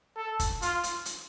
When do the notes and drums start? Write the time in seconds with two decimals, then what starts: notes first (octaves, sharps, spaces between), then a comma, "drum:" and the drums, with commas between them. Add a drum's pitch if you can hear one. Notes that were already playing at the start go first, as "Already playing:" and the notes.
0.17 A4
0.40 drum: kick, hi-hat
0.62 F4, drum: hi-hat
0.83 drum: hi-hat
1.05 drum: hi-hat